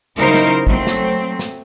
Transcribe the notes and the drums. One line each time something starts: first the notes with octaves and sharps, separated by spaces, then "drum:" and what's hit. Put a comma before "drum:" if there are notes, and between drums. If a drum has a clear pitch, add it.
C#3 F#3 D#4 E4 A#4 C5
drum: snare
F#3 A3 C4, drum: kick
drum: snare
drum: snare